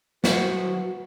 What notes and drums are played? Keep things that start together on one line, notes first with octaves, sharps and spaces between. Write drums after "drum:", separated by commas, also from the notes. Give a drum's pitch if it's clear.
F#3 B3 E4 F#4 B4 C5 F#5, drum: snare